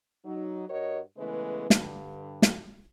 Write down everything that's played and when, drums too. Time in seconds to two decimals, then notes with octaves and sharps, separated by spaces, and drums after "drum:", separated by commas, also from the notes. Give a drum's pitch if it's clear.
0.25 F#3 D#4
0.69 G2 F#4 A#4 C#5 D#5
1.17 C#3 E3 G#3 A3 B3 B4
1.70 G2 D3, drum: snare
2.42 drum: snare